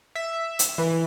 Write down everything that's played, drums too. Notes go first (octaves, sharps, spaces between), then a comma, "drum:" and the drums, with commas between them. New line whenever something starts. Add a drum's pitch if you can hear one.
E5
drum: hi-hat
E3